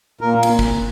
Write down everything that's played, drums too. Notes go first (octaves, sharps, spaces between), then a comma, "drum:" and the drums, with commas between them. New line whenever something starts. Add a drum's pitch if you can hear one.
A#2 A#4
drum: cymbal
drum: kick